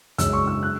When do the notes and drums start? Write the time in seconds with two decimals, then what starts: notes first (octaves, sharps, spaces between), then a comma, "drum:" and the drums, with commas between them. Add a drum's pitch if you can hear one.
0.18 F#2 C#3 G#3 E6, drum: kick, hi-hat
0.33 C#6
0.48 E6
0.63 F#6